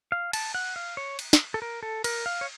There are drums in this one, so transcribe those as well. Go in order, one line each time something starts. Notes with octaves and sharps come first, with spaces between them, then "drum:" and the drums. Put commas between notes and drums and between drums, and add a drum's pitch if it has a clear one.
F5
A5, drum: cymbal
F#5
F5
C#5
drum: cymbal
drum: snare
A4
A#4
A4
A#4, drum: cymbal
F5
C#5